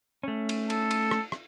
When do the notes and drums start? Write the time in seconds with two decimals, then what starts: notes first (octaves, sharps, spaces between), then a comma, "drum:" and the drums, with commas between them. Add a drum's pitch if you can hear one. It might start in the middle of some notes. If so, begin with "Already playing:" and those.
0.23 A3 C#4
0.49 drum: cymbal
0.70 A4, drum: cymbal
0.91 drum: cymbal
1.11 drum: rim click
1.32 drum: rim click